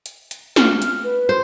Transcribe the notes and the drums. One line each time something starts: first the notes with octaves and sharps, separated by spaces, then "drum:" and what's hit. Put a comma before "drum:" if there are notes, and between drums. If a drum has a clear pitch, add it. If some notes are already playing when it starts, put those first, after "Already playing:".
drum: hi-hat
drum: hi-hat
F6, drum: snare
drum: hi-hat
B4
C5